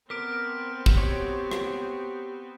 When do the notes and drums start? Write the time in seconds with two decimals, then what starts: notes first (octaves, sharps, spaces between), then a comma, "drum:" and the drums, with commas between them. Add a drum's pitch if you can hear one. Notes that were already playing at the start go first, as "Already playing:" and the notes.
0.10 B3 C4 A#4 D6 B6 D7
0.86 drum: kick
0.97 F#4 G4 C#5
1.52 drum: rim click